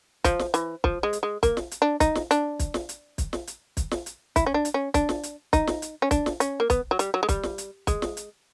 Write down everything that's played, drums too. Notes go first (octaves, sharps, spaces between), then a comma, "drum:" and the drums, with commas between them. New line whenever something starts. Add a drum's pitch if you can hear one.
F3, drum: kick, hi-hat
drum: snare
E3, drum: hi-hat
F3, drum: kick
G#3
drum: hi-hat
G#3
A#3, drum: kick, hi-hat
drum: snare
drum: hi-hat
D4
D#4, drum: kick, hi-hat
drum: snare
D4, drum: hi-hat
drum: kick, hi-hat
drum: snare
drum: hi-hat
drum: kick, hi-hat
drum: snare
drum: hi-hat
drum: kick, hi-hat
drum: snare
drum: hi-hat
E4, drum: kick, hi-hat
C#4
D4
drum: hi-hat
C#4
D4, drum: kick, hi-hat
drum: snare
drum: hi-hat
D#4, drum: kick, hi-hat
drum: snare
drum: hi-hat
C#4
D4, drum: kick, hi-hat
drum: snare
C#4, drum: hi-hat
A#3
B3, drum: kick, hi-hat
F#3
G3, drum: hi-hat
F#3
G#3
G3, drum: kick, hi-hat
drum: snare
drum: hi-hat
G#3, drum: kick, hi-hat
drum: snare
drum: hi-hat